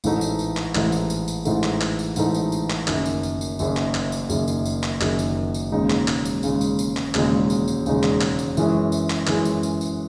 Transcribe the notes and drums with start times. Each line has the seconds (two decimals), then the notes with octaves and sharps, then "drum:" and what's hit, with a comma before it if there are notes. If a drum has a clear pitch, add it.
0.04 A1 G#2 E3 A3 D#4, drum: tambourine
0.21 drum: tambourine
0.39 drum: tambourine
0.57 drum: clap
0.75 A1 G#2 E3 A3 D#4, drum: clap
0.92 drum: tambourine
1.10 drum: tambourine
1.28 drum: tambourine
1.45 A1 G#2 E3 A3 D#4, drum: tambourine
1.63 drum: clap
1.81 drum: clap
1.99 drum: tambourine
2.16 A1 G#2 E3 A3 D#4, drum: tambourine
2.34 drum: tambourine
2.52 drum: tambourine
2.70 drum: clap
2.87 F#1 F#2 D#3, drum: clap
3.05 drum: tambourine
3.23 drum: tambourine
3.41 drum: tambourine
3.59 F#1 F#2 D#3, drum: tambourine
3.77 drum: clap
3.94 drum: clap
4.12 drum: tambourine
4.30 F#1 F#2 D#3, drum: tambourine
4.48 drum: tambourine
4.65 drum: tambourine
4.83 drum: clap
5.01 F#1 F#2 D#3, drum: clap
5.19 drum: tambourine
5.54 drum: tambourine
5.72 E1 D#2 C#3 G#3 D#4
5.90 drum: clap
6.08 drum: clap
6.25 drum: tambourine
6.43 E1 D#2 C#3 G#3 D#4, drum: tambourine
6.61 drum: tambourine
6.79 drum: tambourine
6.97 drum: clap
7.14 E1 D#2 C#3 G#3 D#4, drum: clap
7.50 drum: tambourine
7.68 drum: tambourine
7.86 E1 D#2 C#3 G#3 D#4, drum: tambourine
8.03 drum: clap
8.21 drum: clap
8.39 drum: tambourine
8.57 F#2 E3 G#3 C#4, drum: tambourine
8.92 drum: tambourine
9.10 drum: clap
9.27 F#2 E3 G#3 C#4, drum: clap
9.45 drum: tambourine
9.63 drum: tambourine
9.81 drum: tambourine